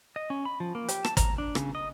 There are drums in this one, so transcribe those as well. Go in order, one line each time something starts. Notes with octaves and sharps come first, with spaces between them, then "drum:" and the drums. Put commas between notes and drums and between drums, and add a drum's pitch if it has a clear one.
D#5
C#4
B5
F3
A#3
G4, drum: hi-hat
A5, drum: rim click
A#5, drum: kick, hi-hat
D4
C#3, drum: rim click
D#5